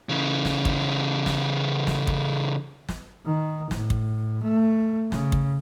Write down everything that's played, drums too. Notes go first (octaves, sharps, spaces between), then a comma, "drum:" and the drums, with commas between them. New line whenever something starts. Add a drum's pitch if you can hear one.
C#3 E3
drum: snare
drum: kick
drum: snare
drum: snare
drum: kick
drum: snare
D#3
A2, drum: snare
drum: kick
A3
C#3, drum: snare
drum: kick